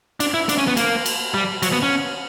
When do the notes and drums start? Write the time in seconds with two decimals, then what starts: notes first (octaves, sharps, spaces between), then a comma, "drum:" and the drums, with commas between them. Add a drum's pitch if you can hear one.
0.20 D4, drum: cymbal
0.34 E4
0.49 D4, drum: cymbal
0.58 C#4
0.67 B3
0.77 A#3, drum: cymbal
1.06 drum: cymbal
1.34 G3
1.63 F#3, drum: cymbal
1.72 B3
1.83 C#4